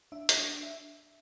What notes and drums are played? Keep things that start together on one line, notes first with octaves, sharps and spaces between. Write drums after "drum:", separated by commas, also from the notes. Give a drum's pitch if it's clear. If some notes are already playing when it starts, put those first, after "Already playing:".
D4 E5
F#5, drum: hi-hat
D4
E5